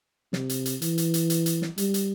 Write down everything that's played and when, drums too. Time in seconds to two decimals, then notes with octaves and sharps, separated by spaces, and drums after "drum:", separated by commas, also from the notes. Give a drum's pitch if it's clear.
0.33 C3, drum: snare
0.49 drum: hi-hat
0.66 drum: hi-hat
0.82 E3, drum: hi-hat
0.98 drum: hi-hat
1.14 drum: hi-hat
1.30 drum: hi-hat
1.46 drum: hi-hat
1.62 drum: snare
1.78 G3, drum: hi-hat
1.94 drum: hi-hat